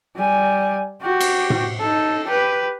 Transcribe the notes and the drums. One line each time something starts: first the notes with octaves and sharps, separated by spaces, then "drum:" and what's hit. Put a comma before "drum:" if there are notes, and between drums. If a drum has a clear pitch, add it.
G3 G#5
F#4 G4
drum: cymbal
drum: tom A2
D#4 A4
G4 B4